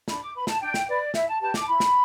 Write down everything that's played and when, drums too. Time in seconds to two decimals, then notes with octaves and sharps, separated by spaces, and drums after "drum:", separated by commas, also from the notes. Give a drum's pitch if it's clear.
0.08 D4 B5, drum: snare
0.21 D6
0.35 B4 B5
0.47 A5, drum: snare
0.60 D4 G5
0.74 drum: snare
0.87 B4 D5
1.14 E4 E5, drum: snare
1.28 A5
1.41 G4 B4 A5
1.54 D6, drum: snare
1.61 A5
1.67 E4 B5
1.80 drum: snare